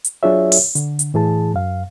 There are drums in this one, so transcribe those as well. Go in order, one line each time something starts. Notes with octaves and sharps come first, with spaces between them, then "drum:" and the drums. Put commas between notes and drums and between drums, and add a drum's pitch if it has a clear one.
drum: hi-hat
F#3 D4 F4 G#4 C#5 E5
drum: open hi-hat
D3, drum: hi-hat
drum: hi-hat
A2 E3 G#4 A5
F#2 F5